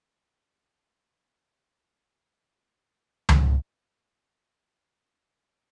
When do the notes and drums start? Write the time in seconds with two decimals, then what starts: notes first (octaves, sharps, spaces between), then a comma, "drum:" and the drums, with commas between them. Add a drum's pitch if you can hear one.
0.02 G4 B4
3.29 drum: tom C#2
3.71 F#5
4.61 C4 A#4